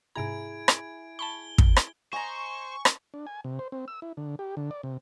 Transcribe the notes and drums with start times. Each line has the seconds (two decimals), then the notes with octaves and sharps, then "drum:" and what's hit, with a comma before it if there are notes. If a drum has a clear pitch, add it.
0.16 G#2 C3 E4 G#4 A#5 G#6 D7
0.68 drum: rim click
1.19 A5 B5 C#6 G7
1.58 drum: kick
1.76 drum: rim click
2.13 C5 D#5 G#5 A#5 C#6
2.85 drum: rim click
3.14 D4
3.27 G#5
3.44 C3
3.59 C5
3.72 C4
3.88 E6
4.02 E4
4.17 D3
4.39 G4
4.57 D3
4.71 D5
4.83 C3